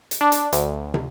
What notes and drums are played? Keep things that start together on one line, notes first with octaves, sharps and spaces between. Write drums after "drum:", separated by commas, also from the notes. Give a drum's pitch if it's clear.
drum: hi-hat
D4
drum: hi-hat
D2, drum: hi-hat
drum: tom